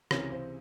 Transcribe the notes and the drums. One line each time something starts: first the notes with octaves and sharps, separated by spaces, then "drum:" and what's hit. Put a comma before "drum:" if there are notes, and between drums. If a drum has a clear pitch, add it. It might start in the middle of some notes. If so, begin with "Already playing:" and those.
C#2 C3 E3 A#4 C#5, drum: rim click
C5